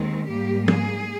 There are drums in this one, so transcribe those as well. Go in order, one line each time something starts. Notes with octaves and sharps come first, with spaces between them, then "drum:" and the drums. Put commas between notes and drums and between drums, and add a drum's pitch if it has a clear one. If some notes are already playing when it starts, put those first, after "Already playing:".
Already playing: D#2 D#3 G#3 C4
G#2 G3 A#3 G4
G#4, drum: tom